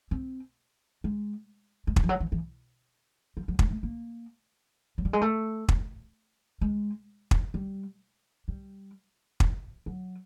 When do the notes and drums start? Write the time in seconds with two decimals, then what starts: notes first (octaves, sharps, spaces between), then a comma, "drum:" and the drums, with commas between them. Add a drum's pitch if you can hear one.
0.11 C4
1.04 G#3
1.87 G#3
1.96 G3, drum: kick
2.04 F3
2.09 F#3
2.20 E3
2.32 E3
3.37 F3
3.48 F#3
3.59 G#3, drum: kick
3.71 A3
3.83 A#3
4.98 F#3
5.05 G3
5.13 G#3
5.21 A3
5.69 drum: kick
6.61 G#3
7.31 drum: kick
7.54 G3
8.48 G3
9.40 drum: kick
9.86 F#3